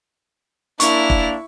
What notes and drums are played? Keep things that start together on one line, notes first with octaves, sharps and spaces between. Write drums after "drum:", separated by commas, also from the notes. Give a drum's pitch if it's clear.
A#3 D4 E4 C#6 F7, drum: hi-hat
drum: kick